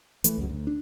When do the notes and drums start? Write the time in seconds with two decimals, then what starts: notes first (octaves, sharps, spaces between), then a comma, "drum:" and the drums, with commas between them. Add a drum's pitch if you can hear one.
0.24 E3 A3, drum: hi-hat
0.38 C#2 F#2
0.49 D2
0.67 D4